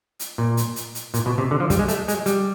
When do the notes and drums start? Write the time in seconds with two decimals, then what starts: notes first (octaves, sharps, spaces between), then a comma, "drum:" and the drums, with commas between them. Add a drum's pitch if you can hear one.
0.20 drum: hi-hat
0.38 A#2
0.57 drum: hi-hat
0.76 drum: hi-hat
0.95 drum: hi-hat
1.14 A#2, drum: hi-hat
1.26 B2
1.38 C3
1.51 D3
1.60 F3
1.70 G3, drum: kick, hi-hat
1.79 G#3
1.88 A3, drum: hi-hat
2.08 G#3, drum: hi-hat
2.26 G3, drum: hi-hat